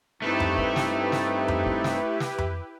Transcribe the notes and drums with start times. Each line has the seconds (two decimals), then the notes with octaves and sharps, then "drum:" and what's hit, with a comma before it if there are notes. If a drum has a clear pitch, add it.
0.22 G2 A3 C4 D#4 E4 G4 A4 B4
0.40 drum: tom F2
0.58 drum: kick
0.76 drum: snare
1.12 drum: snare
1.48 drum: tom F2
1.66 drum: kick
1.84 drum: snare
2.20 drum: snare
2.38 drum: tom F2